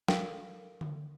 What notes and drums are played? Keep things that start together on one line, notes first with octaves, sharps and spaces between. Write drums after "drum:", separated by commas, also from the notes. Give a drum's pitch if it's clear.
A4 A#4 F5 G5, drum: snare
drum: tom D3